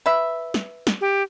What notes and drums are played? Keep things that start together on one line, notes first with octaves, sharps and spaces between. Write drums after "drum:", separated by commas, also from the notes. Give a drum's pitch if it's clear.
B4 E5
drum: snare
drum: snare
G4